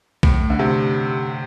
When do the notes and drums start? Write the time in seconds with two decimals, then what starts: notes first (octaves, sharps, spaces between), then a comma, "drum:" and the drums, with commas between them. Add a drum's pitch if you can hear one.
0.23 A2, drum: kick B1
0.50 D3
0.59 C3